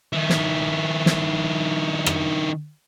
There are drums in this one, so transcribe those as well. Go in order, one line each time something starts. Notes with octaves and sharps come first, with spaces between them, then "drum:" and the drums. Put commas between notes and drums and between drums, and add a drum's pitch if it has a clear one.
D#3 E4
drum: snare
drum: snare
drum: rim click